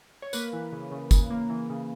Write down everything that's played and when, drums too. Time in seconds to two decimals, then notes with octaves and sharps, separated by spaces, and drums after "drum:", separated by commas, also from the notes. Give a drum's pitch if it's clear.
0.22 C#5
0.33 A#3 B4, drum: tambourine
0.53 E3
0.72 C#3
0.91 C#3
1.11 C#3, drum: kick, tambourine
1.30 A#3
1.50 E3
1.70 C#3